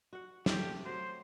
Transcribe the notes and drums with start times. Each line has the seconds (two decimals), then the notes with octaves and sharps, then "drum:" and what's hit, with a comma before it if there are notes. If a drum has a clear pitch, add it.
0.13 F#4 F#5
0.46 C3 A3 G4, drum: snare
0.85 F#3 C5